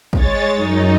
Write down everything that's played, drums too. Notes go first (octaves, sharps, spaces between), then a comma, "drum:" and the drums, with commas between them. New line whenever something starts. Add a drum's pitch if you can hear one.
G#3 C#5 A6, drum: kick
F#2 D#4